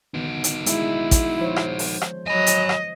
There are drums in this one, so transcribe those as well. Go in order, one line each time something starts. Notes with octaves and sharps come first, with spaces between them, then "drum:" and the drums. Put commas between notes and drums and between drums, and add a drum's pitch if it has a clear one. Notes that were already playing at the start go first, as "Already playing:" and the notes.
D3 D#3 B3 D#4 F#4
drum: hi-hat
G#3 E4, drum: hi-hat
drum: kick A1, hi-hat
F3 C5 C#5
drum: rim click
drum: open hi-hat
drum: rim click
F#3 D#5 G#5 B5
drum: hi-hat
drum: rim click